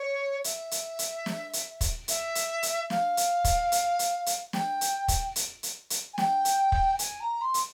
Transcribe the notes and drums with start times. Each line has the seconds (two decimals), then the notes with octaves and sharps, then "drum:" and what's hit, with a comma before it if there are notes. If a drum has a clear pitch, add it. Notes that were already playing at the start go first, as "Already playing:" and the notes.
Already playing: C#5
0.44 E5, drum: hi-hat
0.71 drum: hi-hat
0.99 drum: hi-hat
1.26 drum: snare
1.53 drum: hi-hat
1.81 drum: kick, hi-hat
2.08 E5, drum: hi-hat
2.35 drum: hi-hat
2.63 drum: hi-hat
2.90 F5, drum: snare
3.17 drum: hi-hat
3.44 drum: kick, hi-hat
3.72 drum: hi-hat
3.99 drum: hi-hat
4.26 drum: hi-hat
4.53 G5, drum: snare
4.81 drum: hi-hat
5.08 drum: kick, hi-hat
5.36 drum: hi-hat
5.63 drum: hi-hat
5.90 drum: hi-hat
6.13 G#5
6.18 G5, drum: snare
6.45 drum: hi-hat
6.72 drum: kick
6.99 G#5, drum: hi-hat
7.20 A#5
7.41 C6
7.54 drum: hi-hat